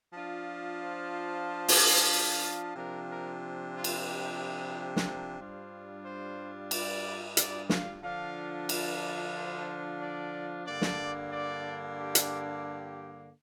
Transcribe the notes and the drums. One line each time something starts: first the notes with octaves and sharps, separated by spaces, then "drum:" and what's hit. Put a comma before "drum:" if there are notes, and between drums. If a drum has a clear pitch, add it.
F3 D4 F4
C5
drum: open hi-hat
C3 F3 D4 F4 A#4
A#4
F4
drum: cymbal
G4
G4
drum: snare
A#4
G2 G3 D4 F4 C5
C5
D5, drum: cymbal
D5, drum: hi-hat
F5, drum: snare
D3 F3 D4 F4 F5
D5, drum: cymbal
D5
C5
D5
G2 D3 A#3 D4 D5
drum: snare
D5
G4
drum: hi-hat
G4